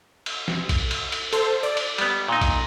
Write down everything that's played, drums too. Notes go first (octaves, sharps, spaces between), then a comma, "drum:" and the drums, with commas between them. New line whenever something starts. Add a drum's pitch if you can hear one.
drum: cymbal
drum: snare
drum: kick, cymbal
drum: cymbal
drum: cymbal
A4 C5, drum: cymbal
D5
drum: cymbal
G3 B3, drum: cymbal
A#2 D#4
drum: kick, cymbal